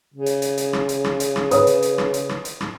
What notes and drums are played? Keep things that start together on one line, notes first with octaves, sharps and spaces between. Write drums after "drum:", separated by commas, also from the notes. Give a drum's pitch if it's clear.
C#3
drum: hi-hat
drum: hi-hat
drum: hi-hat
drum: rim click
drum: hi-hat
drum: rim click
drum: hi-hat
drum: rim click
B4 C#5 D#6, drum: hi-hat
drum: hi-hat
drum: hi-hat
drum: rim click
drum: hi-hat
drum: rim click
drum: hi-hat
drum: rim click